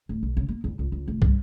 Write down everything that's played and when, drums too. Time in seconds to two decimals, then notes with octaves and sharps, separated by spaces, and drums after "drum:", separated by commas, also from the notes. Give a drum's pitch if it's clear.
0.09 D1
0.23 B1
0.37 C#3
0.49 A#3
0.64 E2
0.79 C#2
0.92 C#2
1.08 F1
1.22 G2, drum: kick